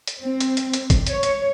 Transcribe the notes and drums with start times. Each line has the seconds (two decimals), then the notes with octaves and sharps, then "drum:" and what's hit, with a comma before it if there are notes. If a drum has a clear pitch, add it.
0.07 drum: hi-hat
0.21 C4
0.40 drum: hi-hat
0.57 drum: hi-hat
0.73 drum: hi-hat
0.90 drum: kick, hi-hat
1.07 C#5, drum: hi-hat
1.23 drum: hi-hat